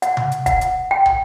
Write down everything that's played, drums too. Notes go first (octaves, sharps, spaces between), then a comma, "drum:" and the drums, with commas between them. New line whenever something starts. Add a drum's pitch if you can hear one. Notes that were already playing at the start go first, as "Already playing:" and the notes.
F#5, drum: hi-hat
drum: tom C3
drum: hi-hat
F#5, drum: kick, hi-hat
drum: hi-hat
G5
drum: tom